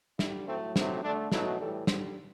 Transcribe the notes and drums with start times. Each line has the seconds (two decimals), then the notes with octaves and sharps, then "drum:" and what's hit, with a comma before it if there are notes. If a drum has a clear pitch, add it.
0.19 D3 G3 E4, drum: snare
0.47 A2 F#3 A3 C4
0.76 C3 F#3 A3 C4, drum: snare
1.03 D3 A3 D4
1.32 B2 F#3 A3 E4, drum: snare
1.59 A2 E3 G3 A4
1.87 D3 G3 C5, drum: snare